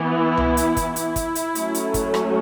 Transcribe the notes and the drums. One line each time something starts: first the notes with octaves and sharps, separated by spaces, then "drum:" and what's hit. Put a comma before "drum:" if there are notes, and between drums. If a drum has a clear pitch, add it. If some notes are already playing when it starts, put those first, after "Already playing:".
Already playing: E3 B3
E4
drum: tom C2
drum: hi-hat
drum: kick, hi-hat
E4, drum: hi-hat
drum: kick, hi-hat
drum: hi-hat
F#3 A3 C#4, drum: hi-hat
drum: hi-hat
drum: kick, hi-hat
drum: rim click